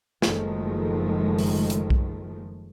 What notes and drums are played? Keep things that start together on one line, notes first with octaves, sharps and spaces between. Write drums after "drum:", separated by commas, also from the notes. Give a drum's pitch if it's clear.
F#1 F#2 D#3 F3 G#3 A3, drum: snare
drum: open hi-hat
drum: hi-hat
drum: kick B1